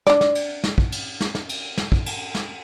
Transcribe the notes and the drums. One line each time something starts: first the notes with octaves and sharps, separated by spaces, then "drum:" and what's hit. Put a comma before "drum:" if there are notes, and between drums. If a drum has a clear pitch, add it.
D4 D5, drum: snare
drum: snare
drum: cymbal
drum: snare
drum: kick
drum: cymbal
drum: snare
drum: snare
drum: cymbal
drum: snare
drum: kick
drum: cymbal
drum: snare